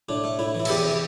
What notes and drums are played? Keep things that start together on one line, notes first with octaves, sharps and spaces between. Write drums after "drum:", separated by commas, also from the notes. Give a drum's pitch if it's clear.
A2 D4
A3
A2 E4
E3
E4
A4, drum: cymbal
E2 G4
C3